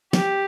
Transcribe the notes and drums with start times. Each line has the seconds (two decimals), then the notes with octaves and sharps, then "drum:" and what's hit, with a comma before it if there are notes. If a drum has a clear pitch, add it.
0.13 G4, drum: snare